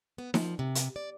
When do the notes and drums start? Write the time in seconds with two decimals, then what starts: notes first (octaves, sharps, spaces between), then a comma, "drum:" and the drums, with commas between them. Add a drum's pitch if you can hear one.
0.18 B3
0.34 F3, drum: snare D#4
0.59 C3
0.75 drum: hi-hat
0.96 D5